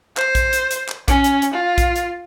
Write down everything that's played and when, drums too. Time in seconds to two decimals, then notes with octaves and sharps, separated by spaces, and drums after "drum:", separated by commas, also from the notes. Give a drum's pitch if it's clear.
0.17 C5, drum: clap
0.35 drum: kick, hi-hat
0.53 drum: hi-hat
0.71 drum: hi-hat
0.89 drum: clap
1.08 C#4, drum: kick, hi-hat
1.24 drum: hi-hat
1.42 drum: hi-hat
1.54 F4
1.78 drum: kick, hi-hat
1.96 drum: hi-hat